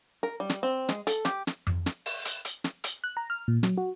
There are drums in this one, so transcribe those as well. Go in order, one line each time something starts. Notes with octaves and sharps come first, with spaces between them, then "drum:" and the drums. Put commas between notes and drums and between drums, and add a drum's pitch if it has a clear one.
A#4
G3
drum: snare
C4
G#3, drum: snare
A4, drum: hi-hat
G4, drum: snare
drum: snare
drum: tom F2
drum: snare
drum: open hi-hat
drum: hi-hat
drum: hi-hat
drum: snare
drum: hi-hat
F#6
A#5
F6
A#2
F#3, drum: snare
F#4